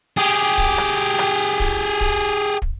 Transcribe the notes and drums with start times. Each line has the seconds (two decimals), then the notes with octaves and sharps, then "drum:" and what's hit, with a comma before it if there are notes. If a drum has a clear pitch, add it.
0.17 G4 G#4
0.58 drum: kick
0.78 drum: rim click
1.19 drum: rim click
1.60 drum: kick
2.01 drum: kick
2.62 drum: kick